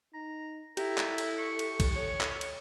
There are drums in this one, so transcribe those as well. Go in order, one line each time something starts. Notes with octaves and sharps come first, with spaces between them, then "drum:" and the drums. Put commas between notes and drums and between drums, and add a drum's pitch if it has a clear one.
D#4 A#5
E4 G4 A4 A#5, drum: cymbal
drum: clap
drum: cymbal
C#6
drum: cymbal
drum: kick, cymbal
C#5
drum: clap
drum: cymbal